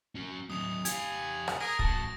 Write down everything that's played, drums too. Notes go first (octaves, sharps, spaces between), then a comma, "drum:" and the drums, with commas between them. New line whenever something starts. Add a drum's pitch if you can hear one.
C#4 F#4
F#3 C4 D#6 F7
G4 F5 G#5 G#6, drum: hi-hat
drum: rim click
G#4 A#4 A#6 D7
G#2 F#4 A5, drum: kick